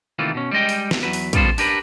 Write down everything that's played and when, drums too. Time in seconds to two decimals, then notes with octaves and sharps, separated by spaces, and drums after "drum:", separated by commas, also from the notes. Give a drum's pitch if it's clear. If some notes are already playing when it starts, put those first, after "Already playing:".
0.19 C3 D#3 E3 A3 A#3 F4
0.35 B2 C#4
0.51 G3 G#3 D#5 G5
0.69 drum: open hi-hat
0.91 drum: snare
1.03 E2 F#3 B4
1.13 drum: open hi-hat
1.33 C#3 G3 B3 F4 A4 C5, drum: kick, hi-hat
1.58 D4 G4 A#4 B4, drum: open hi-hat